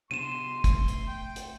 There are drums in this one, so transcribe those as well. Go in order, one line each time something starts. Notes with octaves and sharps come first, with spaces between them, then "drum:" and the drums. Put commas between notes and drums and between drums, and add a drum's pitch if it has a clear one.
C3 B3 D4 C6 D#7 E7
A3, drum: kick, hi-hat
drum: hi-hat
G5
drum: hi-hat